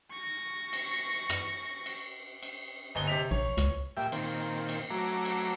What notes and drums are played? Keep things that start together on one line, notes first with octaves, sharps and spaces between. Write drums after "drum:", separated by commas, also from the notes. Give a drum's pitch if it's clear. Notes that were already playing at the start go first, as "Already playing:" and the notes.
C#6 A#6
drum: cymbal
drum: rim click
drum: cymbal
drum: cymbal
G1 D#5 G7
C3 B6 F7
A#1 C#5
C#2, drum: rim click
A#2 G3 E5 G5
A#2 D#3 C4, drum: cymbal
drum: cymbal
F#3 A3 A#5 D6
drum: cymbal